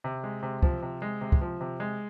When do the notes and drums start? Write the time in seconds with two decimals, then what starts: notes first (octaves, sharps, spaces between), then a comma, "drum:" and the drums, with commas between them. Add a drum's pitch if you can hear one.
0.04 C3
0.24 G#3
0.43 C3
0.63 F3, drum: kick
0.82 C3
1.02 G#3
1.21 C3
1.32 drum: kick
1.41 F3
1.61 C3
1.80 G#3